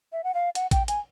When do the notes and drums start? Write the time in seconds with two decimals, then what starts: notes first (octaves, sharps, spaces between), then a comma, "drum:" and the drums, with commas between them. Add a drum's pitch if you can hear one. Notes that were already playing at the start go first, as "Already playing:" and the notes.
0.13 E5
0.24 F#5
0.34 F5
0.55 F#5, drum: hi-hat
0.71 G5, drum: kick, hi-hat
0.88 G#5, drum: hi-hat